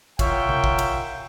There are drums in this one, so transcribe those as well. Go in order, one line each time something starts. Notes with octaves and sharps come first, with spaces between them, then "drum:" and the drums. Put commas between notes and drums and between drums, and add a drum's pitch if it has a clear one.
F4 A#4 C#5 E5 F#5 G5, drum: kick, cymbal
drum: tom C3
drum: kick
drum: cymbal